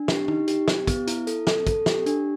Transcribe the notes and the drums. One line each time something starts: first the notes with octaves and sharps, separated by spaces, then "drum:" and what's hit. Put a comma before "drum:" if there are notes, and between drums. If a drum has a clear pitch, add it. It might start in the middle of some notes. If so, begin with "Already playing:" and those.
Already playing: D4
G4, drum: snare
D#4, drum: tom
G4, drum: hi-hat
G4, drum: snare
B3, drum: kick, hi-hat
E4, drum: hi-hat
A4, drum: hi-hat
A4, drum: snare
A4, drum: kick, hi-hat
G4, drum: snare
D4, drum: hi-hat